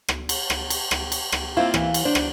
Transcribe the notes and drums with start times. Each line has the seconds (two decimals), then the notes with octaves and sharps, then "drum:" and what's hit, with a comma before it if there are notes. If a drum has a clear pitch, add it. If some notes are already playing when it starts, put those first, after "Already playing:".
0.08 drum: rim click
0.29 drum: cymbal
0.50 drum: rim click
0.70 drum: cymbal
0.91 drum: rim click
1.12 drum: cymbal
1.32 drum: rim click
1.57 A#3 C4 E4 F4 F5
1.74 E3, drum: rim click
1.94 drum: cymbal
2.05 D4 C5
2.15 drum: rim click